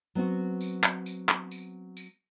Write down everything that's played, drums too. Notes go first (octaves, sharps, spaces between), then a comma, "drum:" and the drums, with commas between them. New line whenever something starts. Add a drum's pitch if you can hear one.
F#3 B3 C4 F#4
drum: tambourine
drum: clap
drum: tambourine
drum: clap
drum: tambourine
drum: tambourine